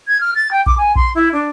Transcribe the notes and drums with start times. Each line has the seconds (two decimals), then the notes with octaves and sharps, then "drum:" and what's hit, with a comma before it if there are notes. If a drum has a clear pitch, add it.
0.08 G#6
0.21 F6
0.35 A6
0.51 G5
0.66 D6, drum: kick A#1
0.78 G#5
0.96 C6, drum: kick A#1
1.15 E4
1.33 D4